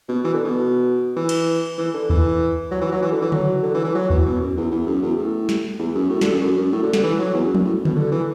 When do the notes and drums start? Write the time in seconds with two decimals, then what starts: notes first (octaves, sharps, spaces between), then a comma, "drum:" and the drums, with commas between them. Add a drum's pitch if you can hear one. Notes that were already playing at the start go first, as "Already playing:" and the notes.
0.08 B2
0.24 E3
0.34 D3
0.45 B2
1.17 E3
1.29 drum: cymbal
1.78 E3
1.94 D3
2.10 E3, drum: kick D#2
2.71 F#3
2.81 E3
2.92 F#3
3.02 E3
3.12 D3
3.22 E3
3.32 F#3, drum: tom C#3
3.63 D3
3.74 E3
3.84 E3
3.95 F#3
4.10 E3, drum: kick D#2
4.25 B2
4.41 F#2
4.57 E2
4.71 E2
4.87 F#2
5.02 E2
5.18 A2
5.49 drum: snare
5.79 E2
5.95 F#2
6.10 A2
6.21 D3, drum: snare
6.31 F#2
6.42 F#2
6.57 F#2
6.73 A2
6.83 D3
6.93 D3, drum: snare
7.03 E3
7.19 F#3
7.34 E2
7.45 F#2
7.55 F#2, drum: tom F3
7.65 A2
7.85 B2, drum: tom C#3
7.96 D3
8.12 E3